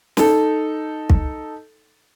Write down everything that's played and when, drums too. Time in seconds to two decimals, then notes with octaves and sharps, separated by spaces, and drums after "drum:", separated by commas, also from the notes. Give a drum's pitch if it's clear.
0.17 D#4 A4, drum: snare
1.10 drum: kick